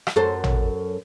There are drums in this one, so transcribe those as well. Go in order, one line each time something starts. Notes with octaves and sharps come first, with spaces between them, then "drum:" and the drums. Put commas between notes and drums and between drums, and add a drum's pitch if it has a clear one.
drum: rim click
F#2 A4 C5
drum: tom